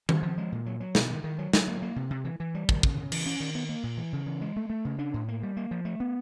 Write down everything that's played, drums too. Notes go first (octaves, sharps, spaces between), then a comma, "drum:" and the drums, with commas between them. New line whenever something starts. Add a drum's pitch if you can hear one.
G3, drum: tom D#3
F3
G#3
A#2
F#3
F#3
B2, drum: snare
D#3
D#3
F#3
F#3, drum: snare
A#3
A#3
C3
C3
E3
E3
G3
D#3, drum: kick
C#3, drum: kick
C#3
E3, drum: cymbal
C#4
D#3
B3
A#3
A#2
E3
C#3
E3
G#3
A3
A3
C#3
D4
A2
A#3
G3
A#3
F3
A3
B3